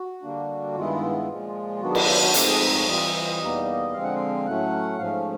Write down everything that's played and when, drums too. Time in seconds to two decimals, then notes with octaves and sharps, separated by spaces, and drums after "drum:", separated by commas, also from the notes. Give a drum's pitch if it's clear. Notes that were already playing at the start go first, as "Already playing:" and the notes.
Already playing: F#4
0.22 D3 G3 A#3 D4
0.75 G2 D#3 G#3 B3 E4 F4
1.29 A#2 F3 G#3
1.81 D#3 F#3 B3 D4 F#4
1.90 G#4
1.95 G4, drum: cymbal
2.08 F4
2.21 F#4
2.34 G#2 F3 A3 C4 D#4 G4, drum: hi-hat
2.48 G#4
2.61 A4
2.74 C#5
2.87 E3 G3 C4 F4 D#5
3.41 E2 B2 G3 A#3 D#4
3.93 D3 F3 G#3 C4 F5
4.04 F#5
4.15 F5
4.45 A2 F#3 A3 C#4 F#5
4.99 G#2 F3 A3 C#4 F5